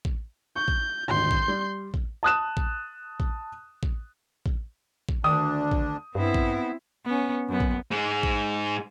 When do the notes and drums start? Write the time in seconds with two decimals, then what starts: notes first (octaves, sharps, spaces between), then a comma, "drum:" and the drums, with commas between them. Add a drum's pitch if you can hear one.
0.05 drum: kick A1
0.56 C#6 G6
0.68 drum: kick A1
1.08 D#1 G#1 D2 C6 G6
1.31 drum: kick A1
1.48 G3
1.94 drum: kick A1
2.23 A5 D#6 F#6 E7
2.57 drum: kick A1
3.20 drum: kick A1
3.83 drum: kick A1
4.46 drum: kick A1
5.09 drum: kick A1
5.24 D2 D#3 D4 D#6
5.72 drum: kick A1
6.15 G2 B3 C4 E4
6.34 drum: kick A1
7.06 B3 C#4
7.49 F#2 B3
7.60 drum: kick A1
7.91 G#2 G#3
8.23 drum: kick A1